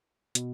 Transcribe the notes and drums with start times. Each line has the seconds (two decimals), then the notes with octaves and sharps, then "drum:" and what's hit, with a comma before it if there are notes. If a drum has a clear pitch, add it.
0.35 B2, drum: hi-hat